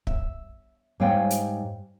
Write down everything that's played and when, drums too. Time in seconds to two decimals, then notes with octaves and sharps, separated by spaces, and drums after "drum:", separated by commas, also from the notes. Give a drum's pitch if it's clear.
0.07 E5, drum: kick
1.00 G#2 G3 C#5 F5 G5 G#5
1.30 drum: hi-hat